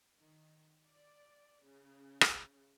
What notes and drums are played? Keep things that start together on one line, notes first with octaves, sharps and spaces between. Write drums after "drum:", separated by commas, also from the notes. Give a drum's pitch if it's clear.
D#3
D5
C#3
drum: rim click